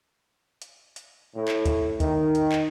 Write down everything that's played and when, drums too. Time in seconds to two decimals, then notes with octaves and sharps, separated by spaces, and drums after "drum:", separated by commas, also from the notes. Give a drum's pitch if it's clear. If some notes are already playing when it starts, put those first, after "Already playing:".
0.62 drum: hi-hat
0.96 drum: hi-hat
1.36 A2
1.48 drum: clap
1.66 drum: kick, hi-hat
2.00 D#3, drum: kick, hi-hat
2.35 drum: hi-hat
2.52 drum: clap